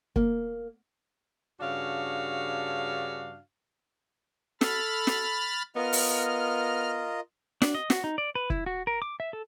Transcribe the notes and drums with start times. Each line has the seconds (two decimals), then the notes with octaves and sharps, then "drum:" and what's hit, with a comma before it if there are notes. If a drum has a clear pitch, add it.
0.16 A#3, drum: kick
1.61 G2 C#3 D4 F#4 F5
4.61 A4 B5 F6 A6, drum: snare
5.07 drum: snare
5.76 B3 F4 A#4 D#5 F6
5.93 drum: open hi-hat
7.62 D4, drum: snare
7.75 D#5
7.90 F#4, drum: snare
8.04 D#4
8.18 D5
8.35 B4
8.50 E4, drum: kick
8.66 F#4
8.87 A#4
9.02 D6
9.20 E5
9.33 A4